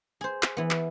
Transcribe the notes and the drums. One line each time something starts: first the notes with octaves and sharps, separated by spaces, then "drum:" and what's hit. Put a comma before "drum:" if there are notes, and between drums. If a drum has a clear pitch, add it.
G#4 C5
drum: clap
E3 B3
drum: clap